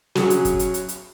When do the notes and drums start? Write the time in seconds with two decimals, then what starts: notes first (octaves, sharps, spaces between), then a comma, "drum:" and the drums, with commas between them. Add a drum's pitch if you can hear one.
0.15 F#3 C#4 G#4, drum: snare
0.30 drum: hi-hat
0.45 drum: kick, hi-hat
0.59 drum: hi-hat
0.74 drum: hi-hat
0.89 drum: hi-hat